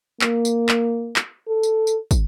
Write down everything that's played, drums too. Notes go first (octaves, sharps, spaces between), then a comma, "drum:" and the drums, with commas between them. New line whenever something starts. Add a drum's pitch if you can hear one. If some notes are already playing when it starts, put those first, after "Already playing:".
A#3, drum: clap
drum: tambourine
drum: clap
drum: clap
A4
drum: tambourine
drum: tambourine
drum: kick, tambourine